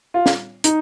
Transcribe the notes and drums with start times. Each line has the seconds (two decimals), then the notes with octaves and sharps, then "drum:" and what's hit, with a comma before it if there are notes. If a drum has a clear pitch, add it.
0.14 F4
0.26 drum: snare
0.64 D#4, drum: hi-hat